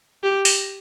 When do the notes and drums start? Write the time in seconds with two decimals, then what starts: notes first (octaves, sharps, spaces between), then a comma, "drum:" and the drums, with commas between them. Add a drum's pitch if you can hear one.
0.23 G4
0.45 drum: open hi-hat